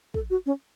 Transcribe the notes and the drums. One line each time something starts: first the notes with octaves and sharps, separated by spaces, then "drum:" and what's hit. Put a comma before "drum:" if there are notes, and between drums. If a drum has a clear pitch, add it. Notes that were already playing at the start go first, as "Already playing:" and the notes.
A4, drum: kick
F#4
C#4